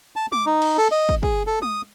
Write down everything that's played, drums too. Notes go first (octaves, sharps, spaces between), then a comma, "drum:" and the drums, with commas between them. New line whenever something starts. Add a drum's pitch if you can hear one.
A5
D6, drum: tom G#3
D#4
drum: cymbal
A4
D#5
drum: kick
G#4, drum: kick
A4
D#6, drum: tom G#3